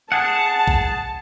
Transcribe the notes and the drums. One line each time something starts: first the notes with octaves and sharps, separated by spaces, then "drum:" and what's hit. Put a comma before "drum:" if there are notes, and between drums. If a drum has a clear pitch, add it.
G#4 F#5 A5
drum: kick A#1